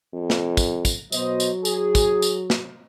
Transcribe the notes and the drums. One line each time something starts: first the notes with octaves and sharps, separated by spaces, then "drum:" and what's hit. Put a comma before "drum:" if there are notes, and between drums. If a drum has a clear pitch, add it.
F2
drum: snare
drum: kick, tambourine
drum: kick, tambourine
B2 F#3 C5 D#5, drum: tambourine
drum: tambourine
G#4, drum: tambourine
drum: kick, tambourine
drum: tambourine
drum: snare